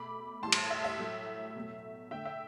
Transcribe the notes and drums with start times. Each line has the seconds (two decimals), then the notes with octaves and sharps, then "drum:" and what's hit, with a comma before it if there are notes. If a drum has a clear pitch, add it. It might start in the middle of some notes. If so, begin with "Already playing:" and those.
Already playing: B2 A3 B5 D6
0.42 A2 E3 G3 A5 C6
0.52 drum: cymbal
0.70 E5
0.84 E5
0.99 A2 F#3 A3
1.56 B2 F#3 A3
2.11 D3 A3 E5 G5
2.25 E5 G5